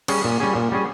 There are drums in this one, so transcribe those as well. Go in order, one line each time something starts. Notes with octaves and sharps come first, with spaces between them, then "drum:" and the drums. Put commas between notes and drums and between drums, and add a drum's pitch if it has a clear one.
G3 C#4 G#4, drum: cymbal
A#2
G3 C#4 G#4
A#2
G3 C#4 G#4